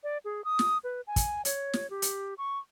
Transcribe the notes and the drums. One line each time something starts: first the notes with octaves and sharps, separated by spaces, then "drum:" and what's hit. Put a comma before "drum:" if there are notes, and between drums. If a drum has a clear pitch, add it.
D5
G#4
D#6
drum: snare
B4
G#5
drum: kick, hi-hat
C#5, drum: hi-hat
drum: snare
G4
drum: hi-hat
C#6